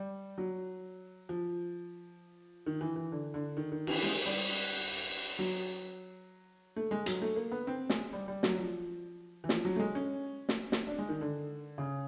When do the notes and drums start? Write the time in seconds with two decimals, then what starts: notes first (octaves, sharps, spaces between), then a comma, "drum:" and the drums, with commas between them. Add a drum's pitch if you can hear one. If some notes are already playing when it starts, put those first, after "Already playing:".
Already playing: G3
0.38 F#3
1.29 F3
2.66 D#3
2.81 E3
2.96 E3
3.12 D3
3.34 D3
3.57 D#3
3.72 D#3
3.87 E3, drum: cymbal
4.03 G#3
4.26 G3
5.39 F#3
6.76 A3
6.91 G#3
7.06 F#3, drum: hi-hat
7.22 A3
7.36 A#3
7.52 B3
7.67 C4
7.90 G#3, drum: snare
8.13 G3
8.28 G3
8.43 F#3, drum: snare
8.58 F3
9.44 E3
9.49 F3, drum: snare
9.65 F#3
9.76 A3
9.80 G#3
9.95 C#4
10.49 drum: snare
10.72 drum: snare
10.87 D4
10.99 G#3
11.09 D#3
11.21 D3
11.78 C#3